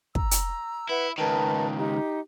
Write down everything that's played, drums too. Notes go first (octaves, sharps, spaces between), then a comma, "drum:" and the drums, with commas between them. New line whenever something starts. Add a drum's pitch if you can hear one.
A#5 E6, drum: kick
drum: hi-hat
E4 B4 E5 F#5
C#2 D#3 A#4 B4 A5
D#4 G4